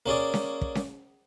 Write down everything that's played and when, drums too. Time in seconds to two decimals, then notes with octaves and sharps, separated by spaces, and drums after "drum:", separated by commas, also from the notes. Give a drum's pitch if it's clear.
0.06 A#3 C#4 G#4 D5
0.34 drum: snare C#4
0.61 drum: kick
0.75 drum: snare C#4